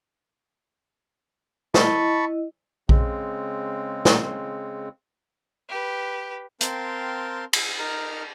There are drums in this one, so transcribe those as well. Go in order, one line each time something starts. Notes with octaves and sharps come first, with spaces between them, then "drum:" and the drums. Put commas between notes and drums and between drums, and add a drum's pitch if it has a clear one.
E4 D#5 A5 B5 C#6, drum: snare
C#3 G#3 C4, drum: kick A#1
drum: snare
G4 B4
C4 A#4 F5 G5 A5 C6, drum: hi-hat
G#4, drum: cymbal
D#4 A#4 A#5 F6